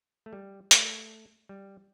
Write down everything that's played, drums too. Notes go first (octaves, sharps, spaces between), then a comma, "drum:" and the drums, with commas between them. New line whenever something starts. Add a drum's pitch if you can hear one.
A3
G3
A3, drum: hi-hat
G3